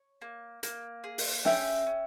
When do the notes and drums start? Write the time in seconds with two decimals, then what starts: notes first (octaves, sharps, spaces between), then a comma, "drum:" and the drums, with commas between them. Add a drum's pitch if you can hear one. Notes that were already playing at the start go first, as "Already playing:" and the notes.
Already playing: C#5
0.21 A#3
0.63 A#3, drum: hi-hat
1.04 G#4
1.18 drum: open hi-hat
1.45 C#4 E5 G5, drum: snare
1.87 C#4